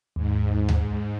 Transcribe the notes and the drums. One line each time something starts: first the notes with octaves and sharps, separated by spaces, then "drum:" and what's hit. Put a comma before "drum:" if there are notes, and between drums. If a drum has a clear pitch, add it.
D#2 G#2
drum: tom D2